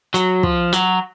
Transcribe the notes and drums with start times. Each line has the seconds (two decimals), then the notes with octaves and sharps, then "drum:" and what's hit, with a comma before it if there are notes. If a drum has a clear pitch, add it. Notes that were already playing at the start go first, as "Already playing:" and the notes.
0.14 F#3, drum: hi-hat
0.43 F3, drum: kick
0.72 F#3, drum: hi-hat